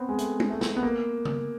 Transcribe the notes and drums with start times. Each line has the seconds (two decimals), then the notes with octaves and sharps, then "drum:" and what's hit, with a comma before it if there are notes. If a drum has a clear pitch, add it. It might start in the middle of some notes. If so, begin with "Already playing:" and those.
Already playing: B3 C4
0.09 G#3
0.19 A3, drum: hi-hat
0.40 drum: tom
0.50 A3
0.61 drum: snare
0.77 B3
0.83 A#3
1.25 drum: tom C#3